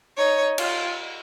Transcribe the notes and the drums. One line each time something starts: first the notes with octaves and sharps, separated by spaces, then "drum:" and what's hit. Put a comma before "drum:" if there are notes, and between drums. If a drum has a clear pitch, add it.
D#4 C#5
F4, drum: cymbal